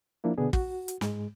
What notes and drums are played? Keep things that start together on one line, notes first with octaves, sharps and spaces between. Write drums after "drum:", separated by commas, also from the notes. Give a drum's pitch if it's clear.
F3 A#3 D4 E4
B2 D3 B3 D4 G#4
F#4, drum: kick
drum: hi-hat
G#2 G#3, drum: snare